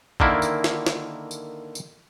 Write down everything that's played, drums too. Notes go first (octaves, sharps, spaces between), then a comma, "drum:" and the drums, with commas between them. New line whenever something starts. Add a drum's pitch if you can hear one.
D3 D#3 A#3 E4, drum: kick
drum: tambourine
drum: snare
drum: snare
drum: tambourine
drum: tambourine